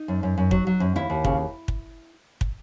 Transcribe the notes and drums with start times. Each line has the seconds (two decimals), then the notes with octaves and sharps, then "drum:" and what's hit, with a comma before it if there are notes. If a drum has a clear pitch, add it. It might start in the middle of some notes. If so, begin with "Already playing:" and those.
Already playing: D#4
0.08 F#2
0.23 F#2
0.38 F#2
0.51 F#3, drum: kick
0.67 F#3
0.80 F#2
0.96 D#2 E4
1.10 D#2
1.25 C#3, drum: kick
1.68 drum: kick
2.41 drum: kick